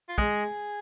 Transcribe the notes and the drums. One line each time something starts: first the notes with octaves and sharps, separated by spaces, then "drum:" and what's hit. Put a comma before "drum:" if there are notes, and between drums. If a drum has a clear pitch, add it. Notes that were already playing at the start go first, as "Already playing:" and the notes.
F4
G#3 G#4, drum: kick